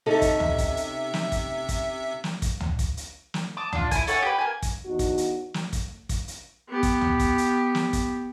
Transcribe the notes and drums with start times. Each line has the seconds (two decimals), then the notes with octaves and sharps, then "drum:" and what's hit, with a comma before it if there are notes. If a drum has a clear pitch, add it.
0.06 C3 C#4 D#4 A4 E5
0.22 drum: kick, hi-hat
0.40 drum: tom
0.58 drum: kick, hi-hat
0.77 drum: hi-hat
1.14 drum: snare
1.32 drum: kick, hi-hat
1.69 drum: kick, hi-hat
2.24 drum: snare
2.42 drum: kick, hi-hat
2.60 drum: tom
2.79 drum: kick, hi-hat
2.97 drum: hi-hat
3.34 drum: snare
3.57 A5 D6 D#6
3.72 D4 F4, drum: tom
3.91 E4 G#5, drum: kick, hi-hat
4.07 A4 C#5 F#5 G#5, drum: hi-hat
4.22 G4 B4
4.38 A#3 G#5
4.62 drum: kick, hi-hat
4.86 E2 B3 D#4 F#4
4.99 drum: kick, hi-hat
5.18 drum: hi-hat
5.54 drum: snare
5.73 drum: kick, hi-hat
6.09 drum: kick, hi-hat
6.28 drum: hi-hat
6.69 B3 G4
6.83 drum: kick, hi-hat
7.01 drum: tom
7.20 drum: kick, hi-hat
7.38 drum: hi-hat
7.75 drum: snare
7.93 drum: kick, hi-hat